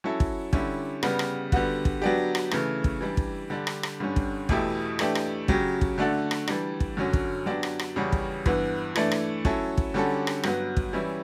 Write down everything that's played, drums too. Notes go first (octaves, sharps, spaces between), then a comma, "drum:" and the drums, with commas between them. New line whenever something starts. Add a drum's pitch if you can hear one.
F#3 C#4 E4 A4
drum: kick
D3 G3 C#4 E4, drum: kick
C#3 G3 B3, drum: rim click
drum: rim click
D3 G3 B3 F#4, drum: kick
drum: kick
F#3 B3 D4 G4
drum: rim click
C#3 E3 A3, drum: rim click
drum: kick
E3 G3 D4
drum: kick
D3 G3 D4
drum: rim click
drum: rim click
G2 D3 G3 C#4
drum: kick
E2 B2 A3 E4 G4, drum: kick
E3 A3 D4 G4, drum: rim click
drum: rim click
C#3 F#3 C#4 G4, drum: kick
drum: kick
D3 A3 D4 F#4 A4
drum: rim click
E3 G3 D4, drum: rim click
drum: kick
F#2 D3 F#3 C#4
drum: kick
F#3 B3 D4 G4
drum: rim click
drum: rim click
E2 C#3 G3 C#4 F#4
drum: kick
G2 E3 B3, drum: kick
E3 A3 D4, drum: rim click
drum: rim click
F#3 C#4 E4 A4, drum: kick
drum: kick
D3 G3 C#4 F#4 A4
drum: rim click
G2 F#3 B3, drum: rim click
drum: kick
E3 G3 C#4 E4